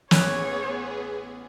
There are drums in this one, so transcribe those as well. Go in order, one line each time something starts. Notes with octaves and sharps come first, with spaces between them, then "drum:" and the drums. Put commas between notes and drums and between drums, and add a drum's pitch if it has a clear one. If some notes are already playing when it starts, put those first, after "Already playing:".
A1 B3 C#4 G#4 C#5 F#6, drum: snare